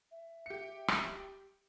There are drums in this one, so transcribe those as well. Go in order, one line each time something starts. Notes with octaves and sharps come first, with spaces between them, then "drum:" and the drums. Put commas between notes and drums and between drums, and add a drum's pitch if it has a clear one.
E5
G4 C#7
drum: rim click